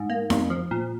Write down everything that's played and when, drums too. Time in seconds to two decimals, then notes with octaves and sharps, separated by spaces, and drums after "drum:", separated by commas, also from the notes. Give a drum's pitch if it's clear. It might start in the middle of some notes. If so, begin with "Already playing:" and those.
Already playing: G#2
0.10 A#3
0.30 F2, drum: snare D#4
0.50 F3
0.71 A#2